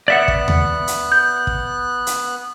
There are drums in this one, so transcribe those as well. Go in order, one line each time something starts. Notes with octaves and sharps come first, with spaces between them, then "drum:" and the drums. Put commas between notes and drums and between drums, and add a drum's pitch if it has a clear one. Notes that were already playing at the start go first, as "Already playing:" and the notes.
B3 D5 E5 F#5 F#6
drum: kick
drum: tom D#2
drum: hi-hat
G6
drum: kick
drum: hi-hat